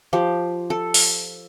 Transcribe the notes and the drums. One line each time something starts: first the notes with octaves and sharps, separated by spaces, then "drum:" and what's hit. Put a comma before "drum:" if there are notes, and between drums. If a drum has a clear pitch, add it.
F3 G4
A4
drum: open hi-hat